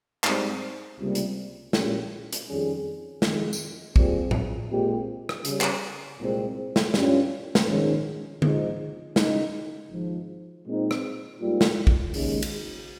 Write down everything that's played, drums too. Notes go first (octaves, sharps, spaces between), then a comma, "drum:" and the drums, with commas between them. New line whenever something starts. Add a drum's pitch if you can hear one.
G#2 G3 C4, drum: clap
C#2 C3 G3 A#3
drum: hi-hat
A#1 A#2 G#3 C#4 G4, drum: snare
drum: hi-hat
F2 D#3 G3 C#4 G#4
F2 D#3 G#3, drum: snare
drum: tambourine
A#2 G3 C4 F4 G#4, drum: kick
drum: tom A2
A#2 G#3 C4 G4
drum: rim click
C#3 G3 C#4, drum: hi-hat
drum: clap
C2 A#2 G#3 C4
drum: snare
G2 G3 C#4 F4, drum: snare
drum: snare
A#1 G#2 D#3 G#3 C#4
A#1 G#2 F3 G#3 D#4, drum: tom D3
C#3 G#3 D#4, drum: snare
G#1 G#2 F3
A#2 G#3 C4 D#4
drum: rim click
G#2 G3 A#3 F4
drum: snare
drum: kick
D#2 C#3 G#3, drum: open hi-hat
drum: cymbal